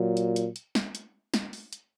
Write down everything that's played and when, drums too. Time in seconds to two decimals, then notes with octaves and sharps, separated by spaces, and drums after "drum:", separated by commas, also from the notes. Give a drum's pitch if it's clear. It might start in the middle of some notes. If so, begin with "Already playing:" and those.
Already playing: A#2 F#3
0.17 drum: hi-hat
0.36 drum: hi-hat
0.56 drum: hi-hat
0.75 drum: snare
0.95 drum: hi-hat
1.34 drum: snare
1.53 drum: open hi-hat
1.73 drum: hi-hat